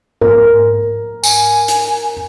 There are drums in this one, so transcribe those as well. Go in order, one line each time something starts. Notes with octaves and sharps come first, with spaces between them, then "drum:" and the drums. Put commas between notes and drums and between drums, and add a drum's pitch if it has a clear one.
A#4, drum: tom G#2
G#5, drum: tambourine
drum: hi-hat